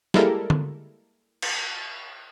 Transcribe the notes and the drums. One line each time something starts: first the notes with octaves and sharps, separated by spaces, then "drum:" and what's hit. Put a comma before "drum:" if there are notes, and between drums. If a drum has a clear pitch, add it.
G3 G#3 A#3 E4 A4 A#4, drum: snare
drum: tom D3
drum: cymbal